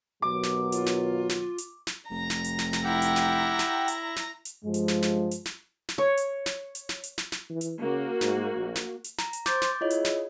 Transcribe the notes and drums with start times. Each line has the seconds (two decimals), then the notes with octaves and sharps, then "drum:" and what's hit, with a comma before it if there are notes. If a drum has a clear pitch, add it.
0.22 D#2 B2 F#3 D6
0.44 drum: snare
0.72 F4, drum: hi-hat
0.87 drum: snare
1.30 drum: snare
1.58 drum: hi-hat
1.87 drum: snare
2.10 F1 A#5
2.30 drum: snare
2.44 drum: hi-hat
2.59 drum: snare
2.73 drum: snare
2.84 E4 G4 F#5 G5
3.02 drum: hi-hat
3.16 drum: snare
3.59 drum: snare
3.88 drum: hi-hat
4.17 drum: snare
4.45 drum: hi-hat
4.64 G2 F3 G#3
4.74 drum: hi-hat
4.88 drum: snare
5.03 drum: snare
5.31 drum: hi-hat
5.46 drum: snare
5.89 drum: snare
5.98 C#5
6.17 drum: hi-hat
6.46 drum: snare
6.75 drum: hi-hat
6.89 drum: snare
7.04 drum: hi-hat
7.18 drum: snare
7.32 drum: snare
7.50 E3
7.61 drum: hi-hat
7.81 C#3 A#3 F#4
8.21 G#2, drum: snare
8.55 A#1
8.76 drum: snare
9.04 drum: hi-hat
9.19 A#5, drum: snare
9.33 drum: hi-hat
9.46 C5 C6 D6 G6 A6, drum: snare
9.62 drum: snare
9.81 E4 F4 G#4 C#5 D#5
9.90 drum: hi-hat
10.05 drum: snare